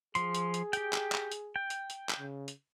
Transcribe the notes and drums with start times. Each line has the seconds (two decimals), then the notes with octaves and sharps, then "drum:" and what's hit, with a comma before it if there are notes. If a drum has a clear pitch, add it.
0.15 F3 G#4 C6, drum: hi-hat
0.35 drum: hi-hat
0.54 drum: hi-hat
0.73 G4 G5, drum: hi-hat
0.93 drum: clap
1.12 drum: clap
1.32 drum: hi-hat
1.56 G5
1.70 drum: hi-hat
1.90 drum: hi-hat
2.09 drum: clap
2.20 C#3
2.48 drum: hi-hat